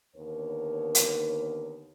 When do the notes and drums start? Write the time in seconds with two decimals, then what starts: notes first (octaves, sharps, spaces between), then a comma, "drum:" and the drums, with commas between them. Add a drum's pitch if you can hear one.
0.16 D#2 D3 B3 A#4 C#5
0.95 drum: hi-hat